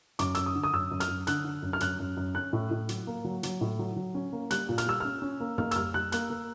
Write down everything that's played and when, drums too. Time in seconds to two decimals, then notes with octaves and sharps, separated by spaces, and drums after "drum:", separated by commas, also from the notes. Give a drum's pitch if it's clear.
0.19 F#2 D6, drum: hi-hat
0.35 F#2 E6, drum: hi-hat
0.46 D#6
0.55 D3
0.64 D#6
0.73 F#2 E6
0.91 F#2
1.00 F6, drum: hi-hat
1.09 F#2
1.27 D3 F#6, drum: hi-hat
1.45 D3
1.62 F#2
1.73 F6
1.80 F#2 F#6, drum: hi-hat
2.00 F#2
2.17 F#2
2.35 C#4 F#6
2.53 A2
2.71 A2
2.89 F#3, drum: hi-hat
3.07 A#3
3.25 F#3
3.43 F#3, drum: hi-hat
3.61 A2
3.79 F#3
3.96 F#3
4.15 C#4
4.33 A#3
4.51 G3 F#6, drum: hi-hat
4.69 A#2
4.78 F6, drum: hi-hat
4.86 G3 E6
5.00 C#4 F6
5.22 C#4
5.40 A#3
5.58 A#3 F6, drum: tom
5.71 E6, drum: hi-hat
5.76 G3 F6
5.94 G3 F#6
6.12 A#3 F#6, drum: hi-hat
6.30 A#3